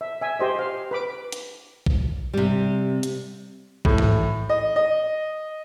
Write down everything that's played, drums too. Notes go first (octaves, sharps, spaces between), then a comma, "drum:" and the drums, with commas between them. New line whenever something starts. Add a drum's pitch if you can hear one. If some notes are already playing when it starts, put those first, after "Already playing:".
E5
E5 G#5
G4 C5 D#5
F5
B4 B5 D6
drum: hi-hat
drum: kick A#1
C3 G3
drum: hi-hat
A2, drum: kick A#1
drum: tom G#2
D#5
D#5